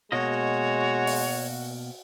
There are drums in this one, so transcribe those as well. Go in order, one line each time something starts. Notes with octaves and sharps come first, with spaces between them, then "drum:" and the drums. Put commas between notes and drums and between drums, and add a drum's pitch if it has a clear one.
B2 G#3 A#3 F#4 C#5 D#5
drum: open hi-hat